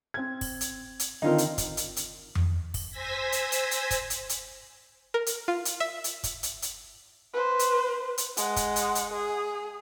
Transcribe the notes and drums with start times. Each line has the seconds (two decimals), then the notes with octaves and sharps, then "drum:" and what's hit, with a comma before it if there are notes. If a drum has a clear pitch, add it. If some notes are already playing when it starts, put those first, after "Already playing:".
0.14 C4 G#6
0.41 drum: kick, open hi-hat
0.61 drum: hi-hat
0.99 drum: hi-hat
1.22 D3 D#3 C4 D#4 F4 A#4
1.38 drum: hi-hat
1.58 drum: kick, hi-hat
1.77 drum: hi-hat
1.97 drum: hi-hat
2.35 drum: tom F2
2.74 drum: kick, open hi-hat
2.90 C5 G#5 E6 G#6 A#6 B6
3.32 drum: hi-hat
3.52 drum: hi-hat
3.71 drum: hi-hat
3.91 drum: kick, hi-hat
4.10 drum: hi-hat
4.29 drum: hi-hat
5.14 A#4
5.26 drum: hi-hat
5.48 F4
5.65 drum: hi-hat
5.80 E5
6.04 drum: hi-hat
6.24 drum: kick, hi-hat
6.43 drum: hi-hat
6.62 drum: hi-hat
7.34 B4 C5
7.59 drum: hi-hat
8.18 drum: hi-hat
8.37 G#3 F#5, drum: hi-hat
8.56 drum: kick, hi-hat
8.76 drum: hi-hat
8.95 drum: hi-hat
9.13 G#4